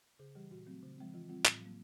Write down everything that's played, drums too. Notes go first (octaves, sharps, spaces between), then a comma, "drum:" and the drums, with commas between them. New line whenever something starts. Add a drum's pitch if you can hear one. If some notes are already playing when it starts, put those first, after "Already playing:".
C#3 G#4
E3 G3 G4
A#2 F#4
F#3 A3 C4
C#3
F3 G#3 C4
E3 F4
G3 C4 F4
A2, drum: clap
F#3 A#3